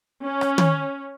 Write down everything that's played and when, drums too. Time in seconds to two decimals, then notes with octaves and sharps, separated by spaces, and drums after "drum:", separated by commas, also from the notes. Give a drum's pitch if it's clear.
0.24 C#4
0.41 drum: rim click
0.58 drum: tom